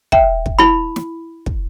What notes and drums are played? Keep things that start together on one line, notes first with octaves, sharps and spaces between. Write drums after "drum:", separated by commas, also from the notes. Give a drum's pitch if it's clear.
E5 G5, drum: kick
drum: kick
E4 B5
drum: snare
drum: kick